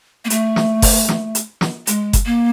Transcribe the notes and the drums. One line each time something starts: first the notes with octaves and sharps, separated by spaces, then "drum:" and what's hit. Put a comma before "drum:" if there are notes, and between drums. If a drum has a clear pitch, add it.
A#3
A3, drum: hi-hat
drum: snare
drum: kick F#1, open hi-hat
drum: snare
drum: hi-hat
drum: snare
G#3, drum: hi-hat
drum: kick F#1, hi-hat
A#3